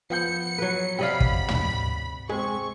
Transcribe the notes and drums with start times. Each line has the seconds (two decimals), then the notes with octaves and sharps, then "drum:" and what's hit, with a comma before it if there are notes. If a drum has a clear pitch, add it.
0.10 F3 B3 F#5 G6 C#7
0.58 F#3 B4
0.99 C3 D5 D#5 F5 F#5 B5
1.20 drum: kick
1.48 drum: tom
2.29 G#3 C4 G#4 C#6